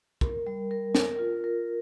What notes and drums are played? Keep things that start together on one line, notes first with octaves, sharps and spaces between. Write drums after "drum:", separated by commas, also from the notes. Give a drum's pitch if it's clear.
A#4, drum: kick
G3
A#4
A#4, drum: snare
F4
A#4